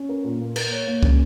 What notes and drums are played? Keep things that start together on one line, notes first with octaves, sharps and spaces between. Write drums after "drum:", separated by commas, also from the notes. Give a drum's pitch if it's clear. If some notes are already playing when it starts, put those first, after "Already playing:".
Already playing: C#4
A#4
A#2
A#3
A#4, drum: cymbal
C#5
A#3
C#4, drum: kick